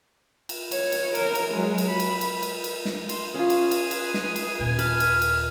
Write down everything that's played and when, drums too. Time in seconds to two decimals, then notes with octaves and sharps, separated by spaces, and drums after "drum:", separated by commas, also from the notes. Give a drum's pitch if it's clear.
0.49 drum: cymbal
0.71 C#5, drum: cymbal
0.92 drum: cymbal
1.15 A#4, drum: cymbal
1.35 drum: cymbal
1.53 F#3 G#3
1.78 drum: cymbal
1.89 B5
2.00 drum: cymbal
2.21 drum: cymbal
2.42 drum: cymbal
2.64 drum: cymbal
2.85 drum: snare
3.09 C6, drum: cymbal
3.34 C#4 F4 G#4
3.50 drum: cymbal
3.71 drum: cymbal
3.91 B4, drum: cymbal
4.14 drum: snare
4.36 drum: cymbal
4.60 D#1 G#5
4.79 B4 A5 F6, drum: cymbal
5.00 drum: cymbal
5.22 drum: cymbal